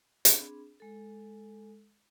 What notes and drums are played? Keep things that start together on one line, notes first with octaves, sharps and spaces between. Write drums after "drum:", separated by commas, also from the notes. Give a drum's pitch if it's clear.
C4 D4 G#4 B5, drum: hi-hat
G#3 A4